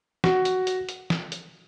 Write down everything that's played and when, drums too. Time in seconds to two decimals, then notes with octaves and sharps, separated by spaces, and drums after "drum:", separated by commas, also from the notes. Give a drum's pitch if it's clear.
0.24 F#4, drum: snare
0.45 drum: hi-hat
0.67 drum: hi-hat
0.89 drum: hi-hat
1.10 drum: snare
1.32 drum: hi-hat